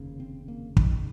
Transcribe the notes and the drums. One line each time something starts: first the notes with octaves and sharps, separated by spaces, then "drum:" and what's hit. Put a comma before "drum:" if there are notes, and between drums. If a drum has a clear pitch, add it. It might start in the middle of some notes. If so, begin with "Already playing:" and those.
Already playing: F1 D#2 C#3
C4
A#3
D#3, drum: kick